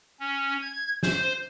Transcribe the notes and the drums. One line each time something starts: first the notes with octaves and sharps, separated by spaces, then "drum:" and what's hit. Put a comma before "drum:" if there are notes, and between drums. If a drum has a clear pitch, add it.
C#4
G#6
C5, drum: snare